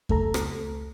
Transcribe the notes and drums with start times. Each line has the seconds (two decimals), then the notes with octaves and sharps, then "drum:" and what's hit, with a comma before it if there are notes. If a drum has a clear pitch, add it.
0.09 C#2 A3 A4 A#5, drum: kick F2
0.34 drum: rim click